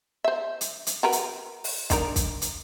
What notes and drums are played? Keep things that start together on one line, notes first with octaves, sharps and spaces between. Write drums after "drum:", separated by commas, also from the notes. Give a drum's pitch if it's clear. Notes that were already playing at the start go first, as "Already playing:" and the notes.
C5 E5
drum: hi-hat
drum: hi-hat
F#4 A#4 B4
drum: hi-hat
drum: open hi-hat
D4 D#4 A#4, drum: kick, hi-hat
drum: kick, hi-hat
drum: hi-hat